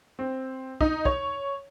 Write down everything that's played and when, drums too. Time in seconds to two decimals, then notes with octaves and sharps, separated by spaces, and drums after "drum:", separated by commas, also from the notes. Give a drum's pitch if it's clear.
0.19 C4
0.81 D#4, drum: kick
1.05 C#5, drum: kick